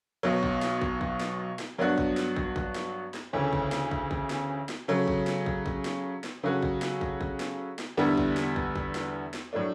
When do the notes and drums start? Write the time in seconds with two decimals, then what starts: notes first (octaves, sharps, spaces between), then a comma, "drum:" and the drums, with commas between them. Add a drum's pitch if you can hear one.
0.23 B1 B2 F#3
0.43 drum: kick
0.62 drum: snare
0.81 drum: kick
1.01 drum: kick
1.20 drum: snare
1.59 drum: snare
1.79 G2 F#3 B3 D4 F#4
1.98 drum: kick
2.17 drum: snare
2.36 drum: kick
2.56 drum: kick
2.75 drum: snare
3.14 drum: snare
3.33 D2 C#3 E3 A3 C#4
3.53 drum: kick
3.72 drum: snare
3.91 drum: kick
4.11 drum: kick
4.30 drum: snare
4.69 drum: snare
4.88 C#3 F#3 A3
5.08 drum: kick
5.27 drum: snare
5.46 drum: kick
5.66 drum: kick
5.85 drum: snare
6.24 drum: snare
6.43 C#3 F#3 C#4 F#4 A4
6.62 drum: kick
6.82 drum: snare
7.01 drum: kick
7.21 drum: kick
7.40 drum: snare
7.79 drum: snare
7.97 E2 D3 G3 B3 E4
8.17 drum: kick
8.37 drum: snare
8.56 drum: kick
8.76 drum: kick
8.95 drum: snare
9.34 drum: snare
9.53 A2 F#3 A3 D4